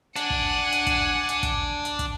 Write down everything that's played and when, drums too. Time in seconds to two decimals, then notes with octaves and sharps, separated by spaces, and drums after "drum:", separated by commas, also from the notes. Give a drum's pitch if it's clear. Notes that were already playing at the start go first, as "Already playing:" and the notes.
0.16 D4 F#5 G#5, drum: hi-hat
0.30 drum: kick
0.72 drum: hi-hat
0.87 drum: kick, hi-hat
1.29 drum: hi-hat
1.43 drum: kick, hi-hat
1.85 drum: hi-hat
1.99 drum: kick, hi-hat